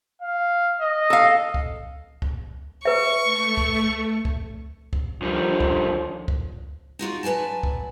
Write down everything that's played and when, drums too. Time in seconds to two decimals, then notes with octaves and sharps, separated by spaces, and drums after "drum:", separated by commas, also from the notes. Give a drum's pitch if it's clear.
0.22 F5
0.81 D#5
1.10 A4 F5
1.54 drum: kick C#2
2.22 drum: kick C#2
2.85 B4 E5 C#6
3.24 A3
3.57 drum: kick C#2
4.25 drum: kick C#2
4.93 drum: kick C#2
5.22 F#2 D3 D#3 F3 G3
5.60 drum: kick C#2
6.28 drum: kick C#2
6.99 D#4 F4 F#4 D5
7.23 F#3 B4 D5 G#5 A5
7.63 drum: kick C#2